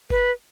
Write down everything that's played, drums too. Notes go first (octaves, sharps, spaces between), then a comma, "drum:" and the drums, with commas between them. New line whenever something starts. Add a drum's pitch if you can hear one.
B4, drum: kick F#1